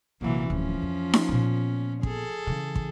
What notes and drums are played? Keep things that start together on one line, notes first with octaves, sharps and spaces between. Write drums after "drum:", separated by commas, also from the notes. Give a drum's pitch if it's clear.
A#1 C3 E3 F#3 A#3
D1 F3 C#4
F2
drum: snare D#4
A#2 B3
G#4 A4, drum: kick
C#3 E3
drum: kick